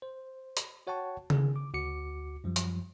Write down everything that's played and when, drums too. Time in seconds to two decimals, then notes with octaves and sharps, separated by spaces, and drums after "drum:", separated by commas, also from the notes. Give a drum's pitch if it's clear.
0.02 C5
0.57 drum: hi-hat
0.87 F#4 C#5 F#5 G5 A5 C#6
1.30 D#3 G#4, drum: tom C#3
1.56 D6
1.74 D2 F#4 D6 C#7
2.44 F#2 F3 G3
2.56 drum: hi-hat